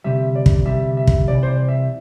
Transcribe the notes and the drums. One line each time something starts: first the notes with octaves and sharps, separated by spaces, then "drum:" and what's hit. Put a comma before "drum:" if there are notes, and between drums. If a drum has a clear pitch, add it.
D2 C3 G3 E5
D5
drum: kick
D2 C3 G3 E5
E5
drum: kick
C2 C3 E3 D5
C5
D5
E5